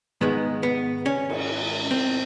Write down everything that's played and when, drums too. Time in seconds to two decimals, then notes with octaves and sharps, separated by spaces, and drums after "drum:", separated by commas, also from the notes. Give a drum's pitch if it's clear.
0.21 G#2 D#3 G#3 B3
0.63 B3
1.06 C#4
1.30 drum: cymbal
1.91 C4